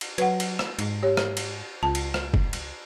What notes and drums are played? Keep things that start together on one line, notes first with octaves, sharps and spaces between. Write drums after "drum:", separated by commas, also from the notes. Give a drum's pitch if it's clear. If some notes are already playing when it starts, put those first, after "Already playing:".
drum: cymbal
F#3 B4 F#5, drum: cymbal
drum: cymbal
drum: rim click
G#2, drum: cymbal
G4 C#5
drum: rim click
drum: cymbal
C#2 F4 A5
drum: cymbal
drum: rim click
drum: kick
drum: cymbal